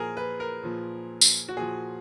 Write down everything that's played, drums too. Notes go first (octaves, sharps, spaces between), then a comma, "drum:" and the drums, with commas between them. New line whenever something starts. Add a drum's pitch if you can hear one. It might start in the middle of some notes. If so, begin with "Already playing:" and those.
Already playing: A#2 F3 G#4 A#4
B4
A#4
A#2 F3
drum: tambourine
F#4
A#2 F3 G#4